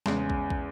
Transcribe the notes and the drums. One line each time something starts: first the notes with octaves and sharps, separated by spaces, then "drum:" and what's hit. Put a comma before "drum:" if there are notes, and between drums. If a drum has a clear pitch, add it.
E2 C#3 G#3, drum: snare
drum: kick
drum: kick